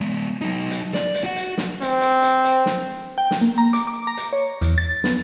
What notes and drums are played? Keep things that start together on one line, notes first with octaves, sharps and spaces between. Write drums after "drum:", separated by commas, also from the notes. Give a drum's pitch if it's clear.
G#3 B3
F#3 D#4
drum: hi-hat
D5, drum: snare
drum: hi-hat
F#4 F#5
drum: hi-hat
drum: snare
C4, drum: hi-hat
drum: hi-hat
drum: hi-hat
drum: hi-hat
drum: snare
G5
drum: snare
A#3
A#5
D6, drum: hi-hat
D6
A#5
drum: hi-hat
C#5
E2, drum: hi-hat
A6
B3, drum: snare